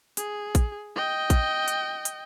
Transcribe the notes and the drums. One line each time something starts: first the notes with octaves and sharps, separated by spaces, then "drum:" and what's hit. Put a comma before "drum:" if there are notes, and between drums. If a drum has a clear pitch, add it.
G#4, drum: hi-hat
drum: kick A#1, hi-hat
D#5 G5
drum: kick A#1, hi-hat
drum: hi-hat
drum: hi-hat